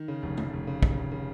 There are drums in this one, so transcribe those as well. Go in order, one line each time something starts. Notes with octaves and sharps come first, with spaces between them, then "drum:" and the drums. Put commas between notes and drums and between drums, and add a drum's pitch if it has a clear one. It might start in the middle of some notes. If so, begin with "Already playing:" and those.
Already playing: D#3
C#3
F1
F1, drum: tom
F1
C#3
F1, drum: kick
F1
C#3